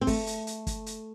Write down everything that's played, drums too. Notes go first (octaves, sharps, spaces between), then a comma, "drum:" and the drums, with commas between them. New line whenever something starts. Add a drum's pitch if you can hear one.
C4
A3, drum: kick, open hi-hat
drum: hi-hat
drum: hi-hat
drum: kick, hi-hat
drum: hi-hat